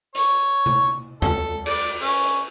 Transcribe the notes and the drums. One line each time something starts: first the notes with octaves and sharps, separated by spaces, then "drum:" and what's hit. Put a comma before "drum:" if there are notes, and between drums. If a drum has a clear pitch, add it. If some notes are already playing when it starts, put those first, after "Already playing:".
C#5, drum: hi-hat
drum: tom C3
A4, drum: tom E2
D5, drum: cymbal
C#4, drum: open hi-hat
drum: hi-hat